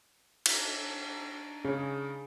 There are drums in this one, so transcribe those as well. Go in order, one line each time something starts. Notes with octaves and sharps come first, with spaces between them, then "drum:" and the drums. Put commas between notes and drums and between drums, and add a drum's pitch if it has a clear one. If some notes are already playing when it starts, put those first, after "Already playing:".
D4 D#4, drum: cymbal
C#3 C#4 G#4 C#5